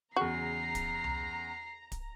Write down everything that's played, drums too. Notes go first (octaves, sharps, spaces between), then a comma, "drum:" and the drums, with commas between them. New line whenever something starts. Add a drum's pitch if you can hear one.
E2 C#3 F#4 A#5 C7
drum: kick D1, hi-hat
drum: tom C2
drum: kick D1, hi-hat